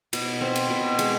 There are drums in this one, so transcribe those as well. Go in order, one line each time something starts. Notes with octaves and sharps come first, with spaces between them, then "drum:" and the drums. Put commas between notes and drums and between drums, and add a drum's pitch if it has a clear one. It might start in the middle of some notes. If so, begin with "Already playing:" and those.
B2, drum: cymbal
C4
drum: cymbal
B2
G#3, drum: cymbal